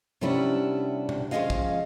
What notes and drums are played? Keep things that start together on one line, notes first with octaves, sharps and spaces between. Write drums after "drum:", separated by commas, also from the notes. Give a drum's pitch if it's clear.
C3 G3 B3 C#4 D4 E4
drum: tom B2
F3 G#3 C4 C#4 D#5 F5
drum: kick A1